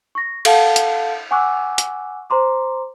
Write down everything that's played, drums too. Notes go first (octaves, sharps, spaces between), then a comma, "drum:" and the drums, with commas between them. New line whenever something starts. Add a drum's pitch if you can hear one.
C#6 A#6
A4 F5 F#5 A5, drum: cymbal
drum: hi-hat
F#5 G#5 C#6 D6 E6 F#6
drum: hi-hat
C5 A#5 C6 D6